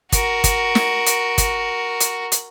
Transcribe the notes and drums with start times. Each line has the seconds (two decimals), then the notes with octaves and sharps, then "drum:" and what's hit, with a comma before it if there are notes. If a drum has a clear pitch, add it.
0.12 F#4 A#4, drum: kick, hi-hat
0.44 drum: kick, hi-hat
0.75 drum: snare
1.06 drum: hi-hat
1.38 drum: kick, hi-hat
2.00 drum: hi-hat
2.32 drum: hi-hat